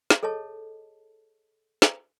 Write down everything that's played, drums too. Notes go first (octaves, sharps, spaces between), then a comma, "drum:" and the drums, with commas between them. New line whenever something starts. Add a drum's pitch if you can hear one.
drum: snare
G#4 A4 C#5 D#5 A5
drum: snare